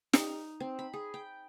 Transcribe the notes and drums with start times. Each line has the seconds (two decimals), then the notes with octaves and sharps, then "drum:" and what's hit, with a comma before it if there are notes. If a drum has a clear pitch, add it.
0.13 D#4, drum: snare
0.60 C4
0.79 B5
0.93 G#4
1.14 G5